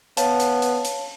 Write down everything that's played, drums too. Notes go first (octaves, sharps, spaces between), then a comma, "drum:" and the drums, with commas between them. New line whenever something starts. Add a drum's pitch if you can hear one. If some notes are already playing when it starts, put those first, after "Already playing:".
B3 C#5 F5 A5, drum: hi-hat
drum: hi-hat
drum: hi-hat
drum: hi-hat